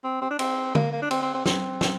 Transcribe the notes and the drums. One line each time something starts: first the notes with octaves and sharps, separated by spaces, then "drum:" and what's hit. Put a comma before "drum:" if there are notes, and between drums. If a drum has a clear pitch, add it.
C4
C4
D4
C4, drum: cymbal
A#3, drum: tom D3
A#3
D4
C4, drum: cymbal
C4
C4
C4, drum: snare
drum: snare